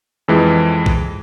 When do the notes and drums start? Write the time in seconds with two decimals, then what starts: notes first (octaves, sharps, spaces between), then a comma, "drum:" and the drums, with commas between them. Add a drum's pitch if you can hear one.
0.28 F2 E3 G#3
0.86 drum: kick A#1